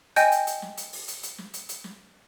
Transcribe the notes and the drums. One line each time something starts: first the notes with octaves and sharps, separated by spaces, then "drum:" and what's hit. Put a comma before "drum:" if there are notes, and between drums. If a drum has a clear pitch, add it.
D#5 G5 G#5 G6, drum: hi-hat
drum: hi-hat
drum: hi-hat
drum: snare
drum: hi-hat
drum: open hi-hat
drum: hi-hat
drum: hi-hat
drum: snare
drum: hi-hat
drum: hi-hat
drum: snare